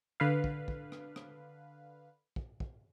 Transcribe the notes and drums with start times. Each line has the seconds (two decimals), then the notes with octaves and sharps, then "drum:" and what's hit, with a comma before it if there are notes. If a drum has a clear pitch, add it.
0.20 D3 B4 F5
0.44 drum: kick
0.68 drum: kick
0.92 drum: rim click
1.16 drum: rim click
2.36 drum: kick
2.60 drum: kick